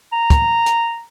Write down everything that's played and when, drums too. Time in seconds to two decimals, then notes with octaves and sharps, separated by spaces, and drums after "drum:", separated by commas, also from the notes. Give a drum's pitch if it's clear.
0.12 A#5
0.30 drum: kick, hi-hat
0.66 drum: hi-hat